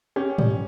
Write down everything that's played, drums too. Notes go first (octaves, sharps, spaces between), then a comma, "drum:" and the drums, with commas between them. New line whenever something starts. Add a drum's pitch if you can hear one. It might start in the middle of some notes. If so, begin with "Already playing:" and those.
C#4 G4
G3, drum: tom G#2